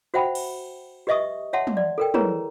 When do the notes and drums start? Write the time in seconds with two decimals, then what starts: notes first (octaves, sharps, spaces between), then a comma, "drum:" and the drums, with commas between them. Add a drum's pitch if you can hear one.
0.14 F#4 C5 E5 F#5 G5 B5
0.35 drum: cymbal
1.07 G4 B4 D#5 E5 C#6 D#6
1.53 C#5 E5 F#5 A5 C6
1.67 drum: tom
1.77 D5
1.98 A4 A#4 G5
2.14 E4 G#4 A#4 B4 C#5 A#5, drum: tom